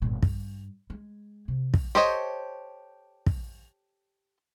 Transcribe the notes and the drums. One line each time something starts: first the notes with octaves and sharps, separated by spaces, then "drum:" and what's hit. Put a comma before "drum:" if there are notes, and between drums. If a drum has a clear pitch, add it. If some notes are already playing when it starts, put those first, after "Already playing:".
G1 A#2
G2, drum: kick
G#3
C3
drum: kick
G4 A4 C5 C#5 D#5
drum: kick